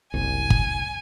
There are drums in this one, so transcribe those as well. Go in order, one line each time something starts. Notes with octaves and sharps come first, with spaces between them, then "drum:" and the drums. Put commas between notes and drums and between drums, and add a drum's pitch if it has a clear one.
F#1 C2 G#5
drum: kick